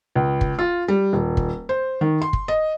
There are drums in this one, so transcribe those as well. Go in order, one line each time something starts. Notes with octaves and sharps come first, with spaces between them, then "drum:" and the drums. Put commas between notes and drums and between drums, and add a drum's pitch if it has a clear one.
C#2
drum: kick
F4
G3
D#1
drum: kick
C5
D#3
C6
drum: kick
D#5